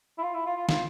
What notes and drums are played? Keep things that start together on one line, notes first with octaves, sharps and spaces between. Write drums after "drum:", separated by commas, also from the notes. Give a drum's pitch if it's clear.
E4
F4
E4
F4
F4
F4, drum: snare